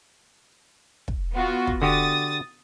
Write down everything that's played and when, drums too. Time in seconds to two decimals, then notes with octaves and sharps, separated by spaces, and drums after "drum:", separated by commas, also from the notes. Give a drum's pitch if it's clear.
1.08 drum: kick
1.33 B3 F4 F#4
1.67 drum: kick
1.82 D3 F#4 G4 D#6 A6